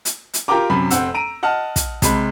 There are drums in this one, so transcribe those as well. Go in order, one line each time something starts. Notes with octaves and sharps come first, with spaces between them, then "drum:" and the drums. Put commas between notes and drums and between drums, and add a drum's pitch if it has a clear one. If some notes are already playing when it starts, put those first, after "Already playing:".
drum: hi-hat
drum: hi-hat
F4 G4 A#4 G5 A#5 D6
F#2 C3 B5
F1 C4 F#5 E6, drum: hi-hat
A#5 D7 D#7
D#5 F#5 A5 F6
drum: kick, hi-hat
C3 G#3 B5, drum: kick, hi-hat